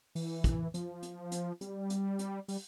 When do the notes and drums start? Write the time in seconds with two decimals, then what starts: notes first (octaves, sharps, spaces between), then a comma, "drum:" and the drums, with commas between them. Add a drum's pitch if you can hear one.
0.15 E3, drum: open hi-hat
0.44 drum: kick, hi-hat
0.74 F3, drum: hi-hat
1.02 drum: hi-hat
1.32 drum: hi-hat
1.61 G3, drum: hi-hat
1.90 drum: hi-hat
2.19 drum: hi-hat
2.48 G3, drum: open hi-hat